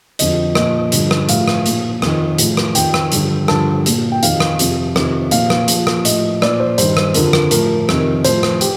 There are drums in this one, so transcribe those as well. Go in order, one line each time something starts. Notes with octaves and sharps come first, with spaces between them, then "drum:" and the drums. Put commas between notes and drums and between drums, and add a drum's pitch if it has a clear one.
F2 D3 F3 D#5, drum: hi-hat
A#2 F3 D#5, drum: rim click
G2 D3 F3, drum: hi-hat
drum: rim click
A2 F3 F5, drum: hi-hat
drum: rim click
A#2 F3, drum: hi-hat
F2 D#3, drum: rim click
A2 F3, drum: hi-hat
drum: rim click
F2 D#3 G5, drum: hi-hat
drum: rim click
G2 D3 F3, drum: hi-hat
G2 D3 F3 A5, drum: rim click
A#2 F3, drum: hi-hat
G5
F2 D#3 F5, drum: hi-hat
drum: rim click
F2 C3 F3, drum: hi-hat
F2 C3 D#3, drum: rim click
A#2 F3 F5, drum: hi-hat
drum: rim click
A#2 F3, drum: hi-hat
drum: rim click
A2 F3 D#5, drum: hi-hat
A#2 F3 D5, drum: rim click
C5
G2 D#3 C5, drum: hi-hat
drum: rim click
F2 D3 F3 A#4, drum: hi-hat
drum: rim click
A2 F3 A#4, drum: hi-hat
F2 C3 D#3, drum: rim click
A2 F3 C5, drum: hi-hat
drum: rim click
G4, drum: hi-hat